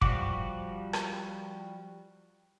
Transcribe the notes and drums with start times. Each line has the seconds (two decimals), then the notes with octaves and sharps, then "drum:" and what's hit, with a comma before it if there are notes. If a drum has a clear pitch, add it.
0.01 F3 G3 F#4 F#5 D6, drum: kick
0.93 drum: rim click